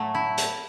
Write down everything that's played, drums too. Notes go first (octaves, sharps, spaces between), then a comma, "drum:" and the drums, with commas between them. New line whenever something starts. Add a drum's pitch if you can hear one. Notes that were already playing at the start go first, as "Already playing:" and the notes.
Already playing: A2 F#3 A3
E4
drum: hi-hat